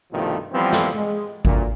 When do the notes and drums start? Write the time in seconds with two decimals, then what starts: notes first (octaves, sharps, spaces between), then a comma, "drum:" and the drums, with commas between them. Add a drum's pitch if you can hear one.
0.12 C2 G2 B2 D#3 F3 A3
0.52 E3 F3 G3 B3 C4
0.73 drum: snare
0.95 G#3
1.45 D2 A#2, drum: kick G#1